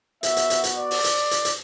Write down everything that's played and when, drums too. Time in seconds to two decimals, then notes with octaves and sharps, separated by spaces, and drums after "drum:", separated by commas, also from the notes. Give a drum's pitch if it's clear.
0.23 B3 F#4 E5, drum: hi-hat
0.37 drum: hi-hat
0.50 drum: hi-hat
0.64 drum: hi-hat
0.77 D5
0.91 drum: open hi-hat
1.04 drum: hi-hat
1.31 drum: hi-hat
1.45 drum: hi-hat